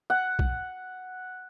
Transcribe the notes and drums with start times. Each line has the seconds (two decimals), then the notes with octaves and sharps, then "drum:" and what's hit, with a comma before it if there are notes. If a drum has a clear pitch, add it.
0.10 F#5
0.39 drum: kick B1